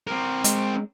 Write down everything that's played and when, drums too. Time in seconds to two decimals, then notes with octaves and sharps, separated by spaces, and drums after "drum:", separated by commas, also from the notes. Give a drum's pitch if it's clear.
0.07 C4 A#4
0.44 G#3, drum: hi-hat